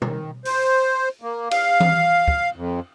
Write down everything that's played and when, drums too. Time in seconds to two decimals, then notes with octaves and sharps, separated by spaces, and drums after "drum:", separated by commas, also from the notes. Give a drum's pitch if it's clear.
0.02 D#3, drum: tom
0.45 C5, drum: open hi-hat
1.22 A#3
1.51 F5, drum: cymbal
1.80 drum: tom E3
2.28 drum: kick
2.56 F2